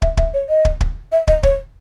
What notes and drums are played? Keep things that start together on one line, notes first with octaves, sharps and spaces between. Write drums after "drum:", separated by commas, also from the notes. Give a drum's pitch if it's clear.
E5, drum: kick
E5, drum: kick
C#5
D#5
drum: kick
drum: kick
E5
D#5, drum: kick
C#5, drum: kick